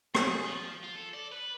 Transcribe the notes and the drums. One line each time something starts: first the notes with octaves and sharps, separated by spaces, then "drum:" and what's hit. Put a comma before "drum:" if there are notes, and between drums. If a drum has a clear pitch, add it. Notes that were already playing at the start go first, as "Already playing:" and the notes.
A#2, drum: rim click
G#4
F3
F4
A4
D5
B4